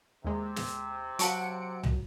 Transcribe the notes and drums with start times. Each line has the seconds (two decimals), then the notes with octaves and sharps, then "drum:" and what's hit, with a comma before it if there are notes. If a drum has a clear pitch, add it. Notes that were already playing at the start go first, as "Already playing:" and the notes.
0.25 D#2 C3 G#3
0.56 drum: snare
1.19 F#3 F5 F#5 A5 C#6 C#7 D7, drum: hi-hat
1.83 drum: tom C2